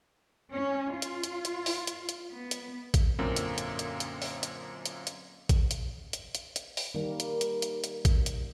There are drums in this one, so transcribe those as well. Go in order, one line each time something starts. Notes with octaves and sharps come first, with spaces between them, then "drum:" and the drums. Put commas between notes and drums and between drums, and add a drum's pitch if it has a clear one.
C#4
F4
drum: hi-hat
drum: hi-hat
drum: hi-hat
drum: open hi-hat
drum: hi-hat
drum: hi-hat
B3
drum: hi-hat
drum: kick, hi-hat
F#2 A#2 D3 A#3 C4
drum: hi-hat
drum: hi-hat
drum: hi-hat
drum: hi-hat
drum: open hi-hat
drum: hi-hat
drum: hi-hat
drum: hi-hat
drum: kick, hi-hat
drum: hi-hat
drum: hi-hat
drum: hi-hat
drum: hi-hat
drum: open hi-hat
D#3 G3 A#3 A#4
drum: hi-hat
drum: hi-hat
drum: hi-hat
drum: hi-hat
drum: kick, hi-hat
drum: hi-hat